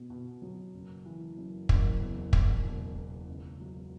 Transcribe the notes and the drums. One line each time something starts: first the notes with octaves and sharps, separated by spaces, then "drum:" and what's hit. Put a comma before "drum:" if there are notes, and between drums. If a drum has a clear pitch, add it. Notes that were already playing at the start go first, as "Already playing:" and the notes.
Already playing: B2 B3
B2
F#3
F#1
E3
F#2
F#1, drum: kick
E2
E1, drum: kick
E1
E1
C#2
F#3